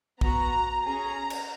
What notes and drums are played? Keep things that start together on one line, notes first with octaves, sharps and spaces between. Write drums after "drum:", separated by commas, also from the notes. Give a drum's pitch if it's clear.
B3 F#4 A#5, drum: kick A#1
C#4 G#4 A#5
drum: cymbal